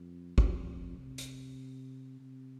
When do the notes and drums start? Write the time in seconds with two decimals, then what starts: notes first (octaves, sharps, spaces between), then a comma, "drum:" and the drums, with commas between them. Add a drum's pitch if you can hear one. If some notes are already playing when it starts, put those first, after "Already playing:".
Already playing: F2
0.38 F2, drum: kick
0.98 C3
1.18 drum: hi-hat
2.20 C3